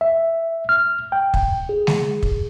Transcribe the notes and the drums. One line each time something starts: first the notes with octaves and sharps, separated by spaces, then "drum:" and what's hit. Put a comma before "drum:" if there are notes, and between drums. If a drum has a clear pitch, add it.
E5
F6
G5
drum: kick
G#4
drum: snare G#3
drum: kick